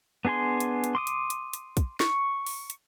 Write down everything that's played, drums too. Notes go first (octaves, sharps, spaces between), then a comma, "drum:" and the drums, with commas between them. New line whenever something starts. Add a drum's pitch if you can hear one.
B3 D4 G#4 G#5 C6
drum: hi-hat
drum: hi-hat
C6 D6 D#6
drum: hi-hat
drum: hi-hat
drum: hi-hat
drum: kick, hi-hat
C#6, drum: snare
drum: open hi-hat
drum: hi-hat